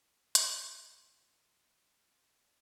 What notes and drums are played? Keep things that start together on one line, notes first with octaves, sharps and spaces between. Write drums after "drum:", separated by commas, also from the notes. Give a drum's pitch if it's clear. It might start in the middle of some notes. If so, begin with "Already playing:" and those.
Already playing: F4
E3
E3, drum: hi-hat
G2 F4
E3
E3
G2
E3
G2
F2
C3 F4
C3 D4